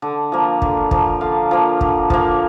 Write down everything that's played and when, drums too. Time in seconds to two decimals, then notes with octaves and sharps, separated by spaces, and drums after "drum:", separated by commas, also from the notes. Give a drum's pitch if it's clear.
0.02 D3
0.32 F3 A#3
0.62 D3, drum: kick
0.91 F3 A#3, drum: kick
1.21 D3 F5
1.51 F3 A#3
1.81 D3, drum: kick
2.10 F3 A#3, drum: kick